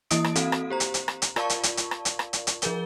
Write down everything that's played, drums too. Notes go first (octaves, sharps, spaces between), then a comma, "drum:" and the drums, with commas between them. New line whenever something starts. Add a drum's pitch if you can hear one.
E3 A#3 E4 D#5 D#6 D7, drum: hi-hat
drum: rim click
C4 F#4 A4 F5, drum: hi-hat
drum: rim click
G4 C5 A#5
drum: hi-hat
drum: hi-hat
drum: rim click
drum: hi-hat
F4 A#4 D5 F5 A5 C#6, drum: rim click
drum: hi-hat
drum: hi-hat
drum: hi-hat
drum: rim click
drum: hi-hat
drum: rim click
drum: hi-hat
drum: hi-hat
F3 G#4 A#4 G7, drum: hi-hat